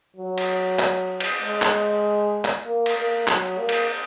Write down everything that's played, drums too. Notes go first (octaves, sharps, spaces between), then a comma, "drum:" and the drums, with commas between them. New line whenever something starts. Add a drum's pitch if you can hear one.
F#3
drum: cymbal
drum: clap
drum: cymbal
G#3
drum: clap
drum: clap
A#3
drum: cymbal
A#3
F#3, drum: clap
A#3
drum: cymbal